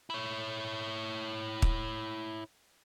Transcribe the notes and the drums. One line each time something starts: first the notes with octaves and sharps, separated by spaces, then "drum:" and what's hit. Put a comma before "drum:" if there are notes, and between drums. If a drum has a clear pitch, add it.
E4 C#5
drum: kick